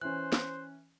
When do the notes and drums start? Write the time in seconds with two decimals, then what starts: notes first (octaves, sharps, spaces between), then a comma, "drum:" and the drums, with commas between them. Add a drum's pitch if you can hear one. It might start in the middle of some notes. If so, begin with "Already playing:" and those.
0.01 E3 C#4 C5 F#6
0.32 drum: snare